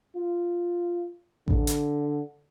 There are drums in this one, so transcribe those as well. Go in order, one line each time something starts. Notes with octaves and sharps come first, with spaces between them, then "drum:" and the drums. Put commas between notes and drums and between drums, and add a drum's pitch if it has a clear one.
F4
D3, drum: kick A1
drum: hi-hat